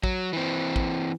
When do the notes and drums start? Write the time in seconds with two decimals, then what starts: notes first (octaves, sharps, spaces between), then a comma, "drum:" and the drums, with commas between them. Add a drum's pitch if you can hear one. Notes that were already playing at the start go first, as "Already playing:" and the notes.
0.04 F#3, drum: kick
0.33 E3 C4
0.76 drum: kick